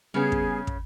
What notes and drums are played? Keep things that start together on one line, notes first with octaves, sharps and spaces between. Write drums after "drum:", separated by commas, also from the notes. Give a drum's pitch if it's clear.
C#3 G3 B3 C#4 G#4
drum: kick
drum: kick